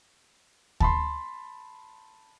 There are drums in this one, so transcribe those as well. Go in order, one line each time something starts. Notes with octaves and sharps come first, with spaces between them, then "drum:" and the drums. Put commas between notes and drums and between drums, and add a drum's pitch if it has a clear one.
A5 B5 C6, drum: kick D2